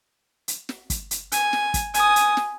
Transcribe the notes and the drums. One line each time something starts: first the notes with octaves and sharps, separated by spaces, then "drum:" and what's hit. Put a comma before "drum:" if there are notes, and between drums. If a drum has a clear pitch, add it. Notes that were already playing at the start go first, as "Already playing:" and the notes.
drum: hi-hat
drum: snare
drum: kick, hi-hat
drum: hi-hat
G#5, drum: hi-hat
drum: snare
drum: kick, hi-hat
G#5 D#6, drum: hi-hat
drum: hi-hat
drum: snare